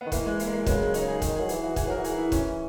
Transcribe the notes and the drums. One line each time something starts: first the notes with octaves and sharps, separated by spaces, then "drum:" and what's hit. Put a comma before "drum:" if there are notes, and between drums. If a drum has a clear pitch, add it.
B3
D#3
E3 A#3, drum: kick, hi-hat
G#3
E3 A#3, drum: hi-hat
G#3
A#3
F#3
C#3 G#3, drum: kick, hi-hat
G#3
C#3 D#4, drum: hi-hat
G#4
D#3, drum: kick, hi-hat
G#4
F#3
E3 G#4, drum: hi-hat
F#4
E3 G#4, drum: kick, hi-hat
F#3 A#4
E3 F#4
G#4, drum: hi-hat
E4
C#4, drum: kick, hi-hat